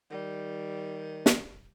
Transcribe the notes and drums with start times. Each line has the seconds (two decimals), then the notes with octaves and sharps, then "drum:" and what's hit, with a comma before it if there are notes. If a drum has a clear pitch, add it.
0.11 D#3 G3
1.26 drum: snare